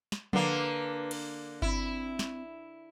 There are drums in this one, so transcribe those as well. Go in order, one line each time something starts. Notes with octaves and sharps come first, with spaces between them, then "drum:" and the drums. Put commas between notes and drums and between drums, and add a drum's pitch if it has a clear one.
drum: snare
D3 A#3 B4, drum: tom F3
drum: cymbal
C4 E4, drum: kick G1
drum: snare